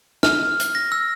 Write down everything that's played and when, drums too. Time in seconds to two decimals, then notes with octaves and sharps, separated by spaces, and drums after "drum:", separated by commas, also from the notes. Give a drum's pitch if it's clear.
0.23 F6, drum: snare
0.60 drum: hi-hat
0.75 A#6
0.92 E6